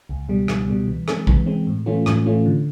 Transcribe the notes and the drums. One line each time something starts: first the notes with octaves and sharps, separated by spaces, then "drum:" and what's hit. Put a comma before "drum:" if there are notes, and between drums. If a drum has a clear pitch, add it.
C#2
B2 G3
C#2, drum: rim click
B2 G3
E3
G#3 C4, drum: rim click
E3, drum: kick
G#3 C4
A2
E3 A3 C#4 F4
A2, drum: rim click
E3 A3 C#4 F4
D3